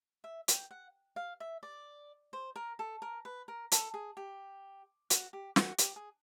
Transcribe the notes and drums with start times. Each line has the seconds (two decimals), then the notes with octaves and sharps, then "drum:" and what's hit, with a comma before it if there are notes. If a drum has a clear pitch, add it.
0.24 E5
0.48 G5, drum: hi-hat
0.71 F#5
1.16 F5
1.40 E5
1.63 D5
2.33 C5
2.56 A#4
2.79 A4
3.02 A#4
3.25 B4
3.48 A#4
3.72 A4, drum: hi-hat
3.94 G#4
4.17 G4
5.10 F#4, drum: hi-hat
5.33 G4
5.56 F#4, drum: snare
5.78 G4, drum: hi-hat
5.96 G#4